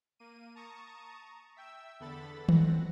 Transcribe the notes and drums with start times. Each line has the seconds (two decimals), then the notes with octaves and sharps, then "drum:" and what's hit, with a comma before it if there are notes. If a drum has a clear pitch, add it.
0.19 A#3 D#7
0.55 A5 A#5 C#6 D#6
1.56 E5 G5 E6
2.00 E2 D3 B3 A4 B5 A6
2.49 C4 F#5 A#6, drum: tom D#3